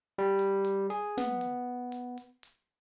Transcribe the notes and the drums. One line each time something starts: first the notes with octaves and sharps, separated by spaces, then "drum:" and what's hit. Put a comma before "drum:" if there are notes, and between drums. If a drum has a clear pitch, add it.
G3
drum: hi-hat
drum: hi-hat
G#4, drum: hi-hat
B3, drum: snare
drum: hi-hat
drum: hi-hat
drum: hi-hat
drum: hi-hat